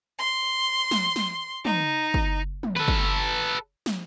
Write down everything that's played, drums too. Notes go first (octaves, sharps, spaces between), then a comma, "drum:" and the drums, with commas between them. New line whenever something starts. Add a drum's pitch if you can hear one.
C6
drum: snare
drum: snare
D#4, drum: tom
drum: kick
drum: tom
A4 B4
drum: kick
drum: snare